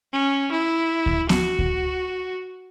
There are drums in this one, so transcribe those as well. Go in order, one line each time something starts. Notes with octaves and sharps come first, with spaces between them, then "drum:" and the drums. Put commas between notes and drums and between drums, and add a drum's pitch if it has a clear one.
C#4
E4
drum: kick D2
F#4, drum: snare B3
drum: kick D2